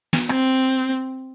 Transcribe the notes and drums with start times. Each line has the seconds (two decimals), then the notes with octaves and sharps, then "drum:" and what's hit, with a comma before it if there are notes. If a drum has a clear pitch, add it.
0.13 drum: snare
0.29 C4, drum: rim click